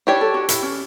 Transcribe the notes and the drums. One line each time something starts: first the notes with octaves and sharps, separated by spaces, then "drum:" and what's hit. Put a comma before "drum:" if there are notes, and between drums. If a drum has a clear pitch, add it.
D4 E4 G4 C#5
A4
F#4
E4, drum: hi-hat
C#4